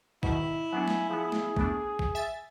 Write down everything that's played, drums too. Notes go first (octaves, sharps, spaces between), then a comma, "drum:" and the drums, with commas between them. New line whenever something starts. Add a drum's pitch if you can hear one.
G#2 B2 D#3 E4, drum: kick A1
F#3 B3 D4 G#5
drum: snare
F3 B3 G#4
drum: snare
A3 B3 D4, drum: kick A1
drum: kick A1
E5 G#5 A6